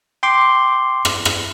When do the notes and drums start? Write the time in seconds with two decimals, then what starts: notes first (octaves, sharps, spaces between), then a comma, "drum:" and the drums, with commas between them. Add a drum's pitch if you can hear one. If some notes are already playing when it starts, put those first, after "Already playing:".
0.23 G5 C6 D6
1.05 drum: rim click
1.25 drum: rim click